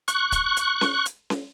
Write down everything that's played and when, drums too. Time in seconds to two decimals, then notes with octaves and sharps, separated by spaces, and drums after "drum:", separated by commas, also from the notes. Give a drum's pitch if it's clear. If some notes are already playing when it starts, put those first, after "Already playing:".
0.08 C#6 F#6, drum: hi-hat
0.32 drum: kick, hi-hat
0.57 drum: hi-hat
0.81 drum: snare C#4
1.06 drum: hi-hat
1.30 drum: snare C#4